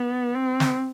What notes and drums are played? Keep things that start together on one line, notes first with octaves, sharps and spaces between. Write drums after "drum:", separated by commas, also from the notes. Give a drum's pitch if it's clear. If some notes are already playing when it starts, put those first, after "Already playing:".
Already playing: B3
C4
drum: snare